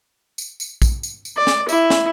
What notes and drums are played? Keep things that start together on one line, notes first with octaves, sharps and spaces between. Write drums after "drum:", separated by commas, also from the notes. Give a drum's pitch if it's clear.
drum: tambourine
drum: tambourine
drum: kick, tambourine
drum: tambourine
drum: tambourine
D5
drum: snare
E4, drum: tambourine
drum: snare